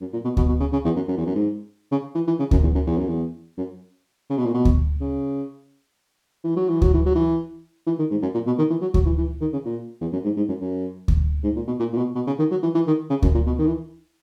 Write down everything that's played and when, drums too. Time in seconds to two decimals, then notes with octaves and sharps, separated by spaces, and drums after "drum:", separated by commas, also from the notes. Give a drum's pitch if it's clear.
0.01 F#2
0.13 A#2
0.24 B2
0.37 B2, drum: kick D2
0.48 B2
0.60 C#3
0.73 C#3
0.85 E2
0.96 F#2
1.08 F#2
1.17 E2
1.26 F#2
1.35 G#2
1.91 C#3
2.15 E3
2.27 E3
2.39 C#3
2.51 F#2, drum: kick D2
2.63 E2
2.75 F#2
2.86 E2
2.98 F#2
3.08 E2
3.58 F#2
4.30 C#3
4.37 B2
4.46 A#2
4.54 B2
4.65 drum: kick D2
5.01 C#3
6.44 E3
6.56 F#3
6.69 E3
6.82 F#3, drum: kick D2
6.94 E3
7.06 F#3
7.15 E3
7.87 E3
7.99 D#3
8.11 G#2
8.22 F#2
8.34 A#2
8.46 B2
8.58 D#3
8.70 E3
8.82 F#3
8.94 F#3, drum: kick D2
9.05 E3
9.18 E3
9.41 D#3
9.53 C#3
9.65 A#2
10.01 E2
10.13 F#2
10.24 G#2
10.37 G#2
10.49 F#2
10.61 F#2
11.08 drum: kick D2
11.44 G#2
11.56 A#2
11.67 B2
11.80 A#2
11.93 A#2
11.97 B2
12.15 B2
12.27 C#3
12.39 D#3
12.51 F#3
12.63 E3
12.75 E3
12.87 D#3
13.10 C#3
13.22 F#2, drum: kick D2
13.34 A#2
13.47 B2
13.58 D#3
13.67 E3